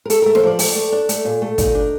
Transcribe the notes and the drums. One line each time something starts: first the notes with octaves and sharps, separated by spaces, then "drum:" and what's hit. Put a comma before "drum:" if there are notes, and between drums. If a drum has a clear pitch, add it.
A#4
A3 A4, drum: hi-hat
A#4
A3
C5, drum: snare
F3 D5
A3, drum: open hi-hat
A3
D4
A3, drum: hi-hat
A#2
A3
A#2 D#4, drum: kick, hi-hat
D4